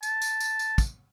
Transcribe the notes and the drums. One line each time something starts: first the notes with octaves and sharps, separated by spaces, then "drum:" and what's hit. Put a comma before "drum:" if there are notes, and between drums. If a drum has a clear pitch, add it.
A5, drum: tambourine
drum: tambourine
drum: tambourine
drum: tambourine
drum: kick, tambourine